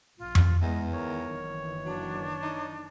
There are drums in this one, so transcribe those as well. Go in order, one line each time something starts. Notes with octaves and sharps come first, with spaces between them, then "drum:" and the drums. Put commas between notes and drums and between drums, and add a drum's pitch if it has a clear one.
A#1 F4
drum: tom F2
E2 G#3 B3 D#5
D#3 A#4 C#5
F#1 D#3 E3
F#3 D4
D#4